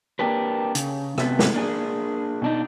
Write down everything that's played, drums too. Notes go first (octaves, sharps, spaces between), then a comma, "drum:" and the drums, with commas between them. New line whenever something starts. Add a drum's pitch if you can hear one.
A#3 D4 G4 A#4 B4
C#3, drum: hi-hat
C3 A3 B3, drum: rim click
drum: snare
A#3 D4 G#4
B2 D4 D#4